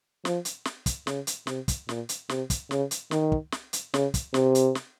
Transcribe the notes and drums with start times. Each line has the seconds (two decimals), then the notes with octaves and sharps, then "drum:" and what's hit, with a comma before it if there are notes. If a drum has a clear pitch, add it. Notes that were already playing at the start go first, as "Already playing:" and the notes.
0.25 F3, drum: snare
0.45 drum: hi-hat
0.65 drum: snare
0.86 drum: kick, hi-hat
1.07 C#3, drum: snare
1.27 drum: hi-hat
1.47 C3, drum: snare
1.68 drum: kick, hi-hat
1.89 A#2, drum: snare
2.09 drum: hi-hat
2.29 C3, drum: snare
2.50 drum: kick, hi-hat
2.71 C#3, drum: snare
2.91 drum: hi-hat
3.11 D#3, drum: snare
3.32 drum: kick
3.52 drum: snare
3.73 drum: hi-hat
3.94 C#3, drum: snare
4.14 drum: kick, hi-hat
4.34 C3, drum: snare
4.55 drum: hi-hat
4.75 drum: snare